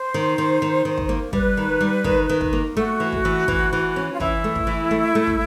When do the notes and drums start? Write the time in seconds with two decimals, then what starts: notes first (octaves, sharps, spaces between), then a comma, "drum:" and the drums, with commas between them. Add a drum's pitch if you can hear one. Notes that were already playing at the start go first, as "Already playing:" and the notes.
Already playing: C5
0.14 D#3
0.38 D#3
0.62 D#3
0.85 D#3
0.98 drum: kick
1.09 A#3
1.33 G3 B4, drum: kick
1.57 D#3
1.80 G3
2.04 D#3, drum: kick
2.29 D#3
2.41 drum: kick
2.53 A#3
2.77 A3 F#4
3.00 E3
3.12 drum: kick
3.25 E3
3.48 E3, drum: kick
3.73 E3
3.96 C#4
4.13 F4
4.20 E3 E4, drum: kick
4.44 A3
4.56 drum: kick
4.67 E3
4.91 A3
5.15 A3
5.27 drum: kick